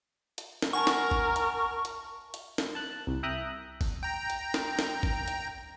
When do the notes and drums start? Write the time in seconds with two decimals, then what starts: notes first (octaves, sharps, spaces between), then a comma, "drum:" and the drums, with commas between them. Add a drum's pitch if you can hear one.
0.38 drum: hi-hat
0.62 drum: snare
0.73 A#4 F#5 G#5 A5 C#6
0.87 drum: snare
1.11 drum: kick
1.36 drum: hi-hat
1.85 drum: hi-hat
2.34 drum: hi-hat
2.58 drum: snare
2.75 A5 F#6
3.07 C2
3.23 E5 G5 A#5 D#6 F#6
3.81 drum: kick, open hi-hat
4.03 G5 A#5
4.30 drum: hi-hat
4.54 drum: snare
4.79 drum: snare
5.03 drum: kick
5.28 drum: hi-hat